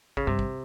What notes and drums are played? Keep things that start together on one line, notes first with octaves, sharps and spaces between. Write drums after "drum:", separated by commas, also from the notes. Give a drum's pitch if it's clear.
C#3, drum: kick
G2 C3
drum: kick